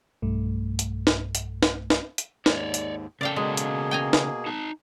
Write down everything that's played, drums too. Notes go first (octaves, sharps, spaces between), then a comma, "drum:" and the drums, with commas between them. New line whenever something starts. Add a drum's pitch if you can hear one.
B1 G2 A3
drum: hi-hat
drum: snare
drum: hi-hat
drum: snare
drum: snare
drum: hi-hat
D#2 G#2 C#5 D5, drum: snare
drum: hi-hat
C#3 A4 D5 F5 G5
B2 G#3 A#3 G#4
drum: hi-hat
G5 G#5 A#5
drum: snare
D#4 A5